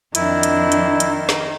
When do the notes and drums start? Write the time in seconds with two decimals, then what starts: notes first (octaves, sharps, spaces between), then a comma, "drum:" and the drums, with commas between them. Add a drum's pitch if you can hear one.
0.15 F2 D#3 D4 E4, drum: hi-hat
0.43 drum: hi-hat
0.72 drum: hi-hat
1.00 drum: hi-hat
1.29 drum: snare